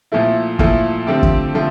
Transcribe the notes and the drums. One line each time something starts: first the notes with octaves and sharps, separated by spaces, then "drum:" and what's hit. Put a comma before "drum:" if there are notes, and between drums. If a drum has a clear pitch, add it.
A#2 F3 A3 E4
A#2 F3 A3 E4, drum: kick
D3 F3 A3 C4 G4
drum: kick
D3 F3 A3